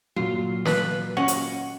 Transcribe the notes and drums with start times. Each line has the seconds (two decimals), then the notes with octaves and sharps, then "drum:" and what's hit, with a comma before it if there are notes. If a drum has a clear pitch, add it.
0.16 A#2 F#3 F4
0.65 B4, drum: snare
1.17 C#4 D#5 F#5
1.28 drum: hi-hat